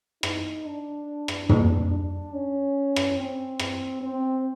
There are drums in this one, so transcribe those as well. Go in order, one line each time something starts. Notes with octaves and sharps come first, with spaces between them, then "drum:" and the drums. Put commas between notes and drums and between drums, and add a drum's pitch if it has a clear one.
D#4, drum: rim click
D4
drum: rim click
D4, drum: tom
D4
C#4
drum: rim click
C4
drum: rim click
C4